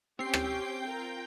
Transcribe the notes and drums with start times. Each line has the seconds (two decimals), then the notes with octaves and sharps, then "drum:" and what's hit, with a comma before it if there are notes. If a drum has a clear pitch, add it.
0.19 C4 C#4 G4 G5 C7
0.34 drum: rim click
0.86 F4 A#4 A#5